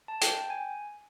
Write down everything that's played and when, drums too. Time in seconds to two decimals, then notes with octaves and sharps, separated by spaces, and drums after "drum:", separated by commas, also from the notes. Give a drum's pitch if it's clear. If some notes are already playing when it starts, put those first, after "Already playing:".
0.08 A5
0.21 G5, drum: hi-hat
0.36 G5
0.50 G#5